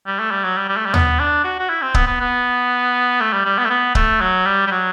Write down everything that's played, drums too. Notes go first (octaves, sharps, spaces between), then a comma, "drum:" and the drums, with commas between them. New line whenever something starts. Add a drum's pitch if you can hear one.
G3
A3
G3
F#3
G3
G3
A3
G3
B3, drum: tom D#2
D4
F#4
F#4
E4
C4
B3, drum: kick C#1
B3
B3
A3
G3
G3
B3
A3
B3
A3, drum: kick C#1
F#3
G3
G3
F#3